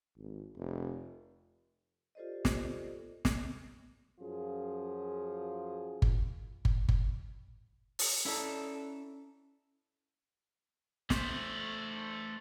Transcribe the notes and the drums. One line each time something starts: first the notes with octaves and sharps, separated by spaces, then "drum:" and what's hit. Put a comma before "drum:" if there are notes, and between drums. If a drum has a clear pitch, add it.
G#1
F1
F4 G4 A4 C5 D5 D#5
drum: snare
drum: snare
F#2 F3 F#3 F4 G#4
drum: kick G1
drum: kick G1
drum: kick G1
drum: open hi-hat
C#4 E4 A4 D5 A#5
A3 C5, drum: snare